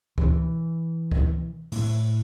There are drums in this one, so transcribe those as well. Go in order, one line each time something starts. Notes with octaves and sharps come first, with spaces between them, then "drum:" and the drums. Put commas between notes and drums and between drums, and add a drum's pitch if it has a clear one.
E3, drum: kick C#2
drum: kick C#2
A2 A3, drum: open hi-hat